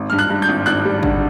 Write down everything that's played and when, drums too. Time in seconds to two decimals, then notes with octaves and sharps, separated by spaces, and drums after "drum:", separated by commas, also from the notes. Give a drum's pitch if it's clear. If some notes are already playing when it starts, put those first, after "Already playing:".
Already playing: G#1
0.10 G2 F6
0.19 F#6
0.30 G2
0.42 G6
0.48 G#1
0.66 G#1 F#6
0.85 G3
1.03 D3, drum: kick G#1